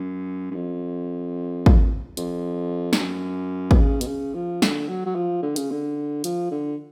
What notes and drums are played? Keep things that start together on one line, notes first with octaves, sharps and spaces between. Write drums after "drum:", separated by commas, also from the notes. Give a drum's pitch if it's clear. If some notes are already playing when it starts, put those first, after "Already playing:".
Already playing: F#2
F#2
F2
drum: kick
F2, drum: hi-hat
G#2, drum: snare
F#2
B2, drum: kick
C#3
B2, drum: hi-hat
C#3
F3
D3, drum: snare
F#3
F#3
F3
D3
C#3, drum: hi-hat
D3
F3, drum: hi-hat
D3